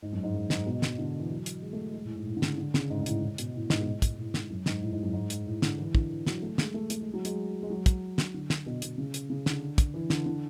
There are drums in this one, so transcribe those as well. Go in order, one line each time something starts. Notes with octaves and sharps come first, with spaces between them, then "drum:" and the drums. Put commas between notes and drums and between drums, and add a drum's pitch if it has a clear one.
G#2
F#2
G#2
F#2
G#2, drum: snare
B2
drum: snare
D3
E3
F#3
drum: hi-hat
G#3
A3
G#3
A2
G#2
A2
D3
C#3, drum: snare
D3
C#3, drum: snare
G#2
G#2
A2, drum: hi-hat
A2
B2, drum: hi-hat
A2
G#2, drum: snare
B2
A2
drum: kick, hi-hat
A2
G#2, drum: snare
F#2
G#2, drum: snare
A2
G#2
F#2
G#2
drum: hi-hat
A2
D3, drum: snare
E3
D3, drum: kick
E3
F#3, drum: snare
A3
G#3, drum: snare
A3
A3, drum: hi-hat
G#3
F#3
G#3, drum: hi-hat
G#3
F#3
drum: kick, hi-hat
drum: snare
D3
drum: snare
B2
B2, drum: hi-hat
C#3
drum: hi-hat
C#3
D3, drum: snare
drum: kick, hi-hat
E3
D3, drum: snare
D3